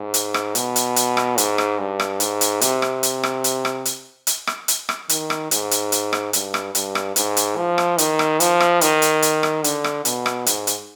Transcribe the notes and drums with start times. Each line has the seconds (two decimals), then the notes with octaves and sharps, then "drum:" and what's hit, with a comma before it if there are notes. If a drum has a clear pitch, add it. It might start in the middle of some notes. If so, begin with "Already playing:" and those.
Already playing: G#2
0.14 drum: hi-hat
0.34 drum: rim click
0.55 B2, drum: hi-hat
0.76 drum: hi-hat
0.96 drum: hi-hat
1.17 drum: rim click
1.38 G#2, drum: hi-hat
1.58 drum: rim click
1.79 G2
2.00 drum: rim click
2.20 G#2, drum: hi-hat
2.41 drum: hi-hat
2.61 C3, drum: hi-hat
2.82 drum: rim click
3.03 drum: hi-hat
3.23 drum: rim click
3.44 drum: hi-hat
3.65 drum: rim click
3.85 drum: hi-hat
4.27 drum: hi-hat
4.47 drum: rim click
4.68 drum: hi-hat
4.89 drum: rim click
5.09 D#3, drum: hi-hat
5.30 drum: rim click
5.51 G#2, drum: hi-hat
5.71 drum: hi-hat
5.92 drum: hi-hat
6.13 drum: rim click
6.33 G2, drum: hi-hat
6.54 drum: rim click
6.75 G2, drum: hi-hat
6.95 drum: rim click
7.16 G#2, drum: hi-hat
7.37 drum: hi-hat
7.57 F3
7.78 drum: rim click
7.98 D#3, drum: hi-hat
8.19 drum: rim click
8.40 F3, drum: hi-hat
8.60 drum: rim click
8.81 D#3, drum: hi-hat
9.02 drum: hi-hat
9.22 drum: hi-hat
9.43 drum: rim click
9.64 D3, drum: hi-hat
9.84 drum: rim click
10.05 B2, drum: hi-hat
10.26 drum: rim click
10.46 G#2, drum: hi-hat
10.67 drum: hi-hat